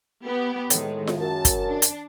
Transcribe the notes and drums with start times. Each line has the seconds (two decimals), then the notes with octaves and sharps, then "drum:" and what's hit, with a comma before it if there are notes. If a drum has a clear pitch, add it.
0.25 B3 G4
0.70 A2 D#3 G#3, drum: hi-hat
1.07 drum: snare F4
1.20 F#2 A5
1.45 drum: kick, hi-hat
1.68 D4
1.82 drum: hi-hat